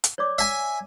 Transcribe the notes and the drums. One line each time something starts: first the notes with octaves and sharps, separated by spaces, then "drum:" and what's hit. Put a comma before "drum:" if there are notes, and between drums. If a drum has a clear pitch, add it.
drum: hi-hat
C#5 D5 D6
E5 G#5